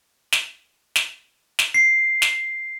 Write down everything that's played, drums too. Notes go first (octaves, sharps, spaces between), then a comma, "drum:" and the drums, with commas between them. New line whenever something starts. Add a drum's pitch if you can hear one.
drum: snare
drum: snare
drum: snare
C7
drum: snare